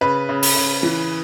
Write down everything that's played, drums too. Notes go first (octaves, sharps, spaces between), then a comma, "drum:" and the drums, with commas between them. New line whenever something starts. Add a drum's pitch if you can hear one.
C#3 B4
C#3
drum: open hi-hat
C#3
E3